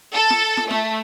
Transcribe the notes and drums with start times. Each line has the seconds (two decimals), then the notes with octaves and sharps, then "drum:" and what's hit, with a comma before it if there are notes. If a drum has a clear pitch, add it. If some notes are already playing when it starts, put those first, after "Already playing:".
0.14 A4
0.30 drum: snare
0.57 drum: snare
0.71 A3, drum: snare